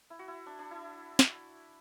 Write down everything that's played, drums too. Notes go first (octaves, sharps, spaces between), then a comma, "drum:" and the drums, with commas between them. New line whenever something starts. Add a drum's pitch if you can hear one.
E4
F#4
E4
D4
D4
E4
drum: snare